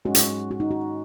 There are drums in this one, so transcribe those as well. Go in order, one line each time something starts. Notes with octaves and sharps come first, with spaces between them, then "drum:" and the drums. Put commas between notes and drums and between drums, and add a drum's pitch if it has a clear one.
G#2 G#3 C#4 F#4
drum: hi-hat
F#4
D#4
F#4